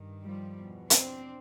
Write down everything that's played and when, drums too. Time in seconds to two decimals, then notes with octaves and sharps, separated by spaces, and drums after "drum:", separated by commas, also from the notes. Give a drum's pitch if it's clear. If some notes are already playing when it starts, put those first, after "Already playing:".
Already playing: G2 D#3
0.24 F3 G3
0.57 E2 B2
0.90 C4 D4, drum: hi-hat